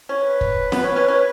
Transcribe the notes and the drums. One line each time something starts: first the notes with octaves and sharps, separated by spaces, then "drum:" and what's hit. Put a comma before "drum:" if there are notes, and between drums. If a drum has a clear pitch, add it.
C#4
B4
drum: kick
B3, drum: snare
C#4
C#4
C#4